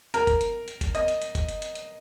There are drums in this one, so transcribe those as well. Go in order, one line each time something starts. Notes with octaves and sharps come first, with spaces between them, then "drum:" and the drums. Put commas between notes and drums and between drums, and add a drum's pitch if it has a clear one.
A#4, drum: hi-hat
drum: kick, hi-hat
drum: hi-hat
drum: hi-hat
drum: kick, hi-hat
D#5, drum: hi-hat
drum: hi-hat
drum: hi-hat
drum: kick, hi-hat
drum: hi-hat
drum: hi-hat
drum: hi-hat